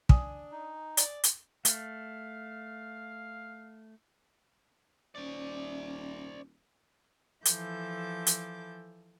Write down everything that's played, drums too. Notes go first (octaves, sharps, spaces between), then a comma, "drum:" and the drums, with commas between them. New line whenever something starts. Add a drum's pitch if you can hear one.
D4 G#5 D#6, drum: kick
D#4
D5, drum: hi-hat
drum: hi-hat
A3 F5, drum: hi-hat
D#1 C#4 C5 D5
E3 F3 A4 D6 G6, drum: hi-hat
drum: hi-hat